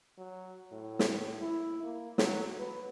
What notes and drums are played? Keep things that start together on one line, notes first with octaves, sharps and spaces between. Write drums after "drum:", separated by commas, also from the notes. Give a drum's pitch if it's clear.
F#3
A2
drum: snare
E4
A#3
F#3, drum: snare
B4